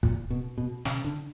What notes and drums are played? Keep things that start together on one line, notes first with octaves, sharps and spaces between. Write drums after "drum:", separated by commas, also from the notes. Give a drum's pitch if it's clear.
A#2, drum: kick
B2
B2
C#3, drum: snare
D3